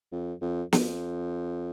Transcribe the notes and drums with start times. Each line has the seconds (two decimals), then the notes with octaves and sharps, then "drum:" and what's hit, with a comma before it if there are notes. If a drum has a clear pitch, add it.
0.12 F2
0.42 F2
0.73 F2, drum: snare